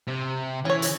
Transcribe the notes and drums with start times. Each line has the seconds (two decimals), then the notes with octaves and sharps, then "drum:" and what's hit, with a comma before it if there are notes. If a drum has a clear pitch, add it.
0.07 C3
0.65 E3 C#4 C#5
0.82 drum: hi-hat